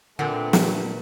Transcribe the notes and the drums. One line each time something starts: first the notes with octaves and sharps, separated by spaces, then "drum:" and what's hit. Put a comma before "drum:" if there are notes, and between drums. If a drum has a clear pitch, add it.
A#2 D3 A3 C4 B4 F#5 G#5
drum: snare